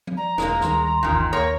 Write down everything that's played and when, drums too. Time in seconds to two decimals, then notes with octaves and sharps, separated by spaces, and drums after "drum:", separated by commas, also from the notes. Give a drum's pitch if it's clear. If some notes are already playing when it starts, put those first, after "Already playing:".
0.07 drum: tom F3
0.17 D5 A#5
0.38 E1 G#3 A#3 A#4, drum: snare
0.61 D2 D#3 G3 C6, drum: snare
1.03 G1 D#2 A#2 D#3 E3
1.33 D#2 A#3 A#4 C#5